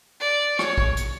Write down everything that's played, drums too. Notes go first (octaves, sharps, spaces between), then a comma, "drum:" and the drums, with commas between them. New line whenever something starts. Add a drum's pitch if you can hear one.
D5
C#5, drum: rim click
drum: kick
drum: hi-hat